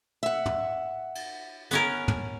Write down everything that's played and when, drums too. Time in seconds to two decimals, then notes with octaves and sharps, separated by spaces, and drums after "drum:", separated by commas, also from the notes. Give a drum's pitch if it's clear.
0.23 E5 F#5
0.46 drum: tom
1.15 drum: cymbal
1.71 B3 C#4 A#4, drum: hi-hat
2.08 drum: tom